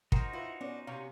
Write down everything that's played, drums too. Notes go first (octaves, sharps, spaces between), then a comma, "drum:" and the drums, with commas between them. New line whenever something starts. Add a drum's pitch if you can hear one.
D#4 F#4 A#4 C5 G5, drum: kick
E4 F4 B4
B3 C#4 D4
C3 C#4 F5